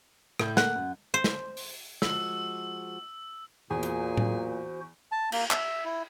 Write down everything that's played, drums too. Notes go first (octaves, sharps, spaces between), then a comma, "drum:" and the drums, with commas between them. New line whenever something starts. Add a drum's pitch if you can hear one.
A2 G6, drum: rim click
A3 A#3 F#5, drum: snare
F#2
C5
drum: snare
drum: open hi-hat
F3 G#3 F#4 E6, drum: snare
E2 A#2 F#4 G#4 C5
drum: hi-hat
drum: tom A2
A5
A#3, drum: cymbal
E5, drum: clap
E4